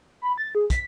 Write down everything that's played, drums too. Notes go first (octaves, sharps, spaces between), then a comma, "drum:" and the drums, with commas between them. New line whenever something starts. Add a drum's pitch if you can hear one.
B5
A6
G#4
B6, drum: kick, hi-hat